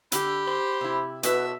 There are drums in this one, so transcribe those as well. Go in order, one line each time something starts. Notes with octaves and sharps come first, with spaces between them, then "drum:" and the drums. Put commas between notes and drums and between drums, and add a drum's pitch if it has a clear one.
D3 G4 B5, drum: hi-hat
C5
C3 E4
B2 F#4 G#4 A4 B4 E5, drum: hi-hat